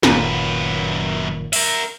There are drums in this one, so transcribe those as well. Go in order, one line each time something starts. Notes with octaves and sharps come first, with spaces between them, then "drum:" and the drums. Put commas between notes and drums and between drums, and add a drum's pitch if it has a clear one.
F#1 F#2 A#2 D#3 B4, drum: snare
A#4 E5, drum: open hi-hat